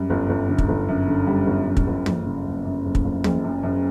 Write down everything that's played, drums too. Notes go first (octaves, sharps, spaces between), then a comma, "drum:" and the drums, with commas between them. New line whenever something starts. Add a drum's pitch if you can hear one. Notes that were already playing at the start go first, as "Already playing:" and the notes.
Already playing: F#2 G3
G1
G1
D3
drum: kick
G1
F#2
D3
G3
G1
F#2
drum: kick
G1
F#1, drum: tom
C#3
F#1
F#2
F#1
drum: kick
F#1
F#1, drum: tom
F#2
F#2